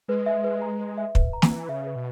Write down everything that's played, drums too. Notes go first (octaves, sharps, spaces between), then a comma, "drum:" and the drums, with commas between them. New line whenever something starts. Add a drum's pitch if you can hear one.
G#3 B4
E5
B4
A#5
B4
E5
B4, drum: kick
A#5
E3, drum: snare
B4
C#3 E5
B4
B2